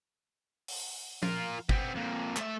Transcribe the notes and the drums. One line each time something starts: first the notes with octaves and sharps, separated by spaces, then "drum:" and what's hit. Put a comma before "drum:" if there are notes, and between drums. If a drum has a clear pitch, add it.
drum: open hi-hat
F4 A#4, drum: tom F3
B3 C4, drum: kick G1
F2 A#2
A3 E5, drum: clap